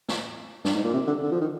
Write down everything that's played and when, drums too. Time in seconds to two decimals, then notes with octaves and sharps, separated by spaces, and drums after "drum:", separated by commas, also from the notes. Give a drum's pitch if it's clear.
0.09 drum: snare
0.65 G2, drum: snare
0.75 G#2
0.84 A#2
0.93 C3
1.07 D3
1.22 D3
1.32 F3
1.41 D#3